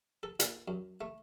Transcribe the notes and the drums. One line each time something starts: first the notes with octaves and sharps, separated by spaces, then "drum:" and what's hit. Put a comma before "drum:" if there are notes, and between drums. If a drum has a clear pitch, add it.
A4
A#2, drum: hi-hat
F#2
A3